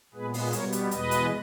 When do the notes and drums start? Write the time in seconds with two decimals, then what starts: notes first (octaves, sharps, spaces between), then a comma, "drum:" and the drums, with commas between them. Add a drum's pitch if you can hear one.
0.14 A#2 G#3 B3 G#4 B4
0.34 drum: open hi-hat
0.53 B2 G3 B3 A#4 C#5, drum: hi-hat
0.72 drum: hi-hat
0.91 E2 B2 G#3 B3 B4 D#5, drum: hi-hat
1.11 drum: hi-hat